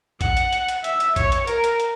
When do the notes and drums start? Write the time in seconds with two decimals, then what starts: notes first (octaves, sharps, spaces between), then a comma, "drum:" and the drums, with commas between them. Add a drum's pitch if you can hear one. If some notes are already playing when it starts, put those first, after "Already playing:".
0.21 F#5, drum: kick A#1, hi-hat
0.37 drum: hi-hat
0.53 drum: hi-hat
0.68 drum: hi-hat
0.84 E5, drum: hi-hat
1.00 drum: hi-hat
1.16 C#5, drum: kick A#1, hi-hat
1.32 drum: hi-hat
1.47 A#4, drum: hi-hat
1.64 drum: hi-hat
1.80 drum: hi-hat